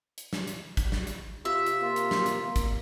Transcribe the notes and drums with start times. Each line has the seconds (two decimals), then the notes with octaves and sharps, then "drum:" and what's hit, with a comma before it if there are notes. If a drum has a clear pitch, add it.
0.18 drum: hi-hat
0.33 drum: snare
0.48 drum: hi-hat
0.77 drum: kick, hi-hat
0.92 drum: snare
1.07 drum: hi-hat
1.45 C3 F4 E5
1.66 drum: hi-hat
1.82 A#3 F4
1.96 drum: hi-hat
2.11 drum: snare
2.26 drum: hi-hat
2.41 A#3
2.56 drum: kick, hi-hat